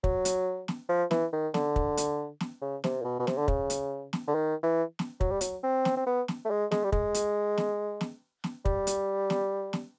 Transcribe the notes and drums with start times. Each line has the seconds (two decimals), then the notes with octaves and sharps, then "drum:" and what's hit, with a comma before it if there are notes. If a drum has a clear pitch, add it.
0.04 F#3, drum: kick
0.25 drum: hi-hat
0.68 drum: snare
0.89 F3
1.11 E3, drum: snare
1.33 D#3
1.54 D3, drum: snare
1.76 drum: kick
1.97 drum: hi-hat
2.40 drum: snare
2.62 C#3
2.84 C3, drum: snare
3.01 A#2
3.05 B2
3.20 B2
3.27 C3, drum: snare
3.38 D3
3.48 C#3, drum: kick
3.70 drum: hi-hat
4.13 drum: snare
4.28 D3
4.35 D#3
4.63 E3
4.99 drum: snare
5.21 F#3, drum: kick
5.31 G3
5.41 F#3, drum: hi-hat
5.64 C4
5.85 drum: snare
5.97 C4
6.07 B3
6.28 drum: snare
6.45 A3
6.50 G#3
6.71 G#3, drum: snare
6.84 G3
6.92 G#3, drum: kick
7.14 drum: hi-hat
7.58 drum: snare
8.01 drum: snare
8.44 drum: snare
8.65 G3, drum: kick
8.87 drum: hi-hat
9.30 drum: snare
9.73 drum: snare